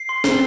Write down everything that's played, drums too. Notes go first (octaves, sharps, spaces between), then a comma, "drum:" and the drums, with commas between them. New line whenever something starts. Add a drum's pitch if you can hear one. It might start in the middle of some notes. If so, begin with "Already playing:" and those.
Already playing: C7
C6
C4 G7, drum: snare